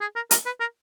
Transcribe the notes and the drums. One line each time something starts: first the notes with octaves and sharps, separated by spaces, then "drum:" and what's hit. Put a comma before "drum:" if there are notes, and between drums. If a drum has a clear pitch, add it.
G#4
A#4
A#4, drum: hi-hat
B4
A#4